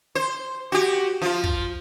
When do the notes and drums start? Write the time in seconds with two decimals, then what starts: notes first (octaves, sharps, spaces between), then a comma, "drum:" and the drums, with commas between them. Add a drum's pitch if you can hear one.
0.15 C5
0.72 F#4 G4
1.22 F3 F4
1.44 drum: kick